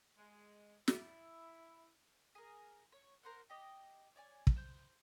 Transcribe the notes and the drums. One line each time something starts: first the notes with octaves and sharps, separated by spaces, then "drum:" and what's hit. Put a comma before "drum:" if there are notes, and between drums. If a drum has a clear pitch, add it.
G#3
E4, drum: snare
G#4 A#4
C#5
A#4 C5 F#5
G4 D#5
C#5 D5 G#5
drum: kick
C5 G6